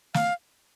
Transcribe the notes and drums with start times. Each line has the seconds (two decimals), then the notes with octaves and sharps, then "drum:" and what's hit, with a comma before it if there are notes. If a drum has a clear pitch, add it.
0.14 F5, drum: snare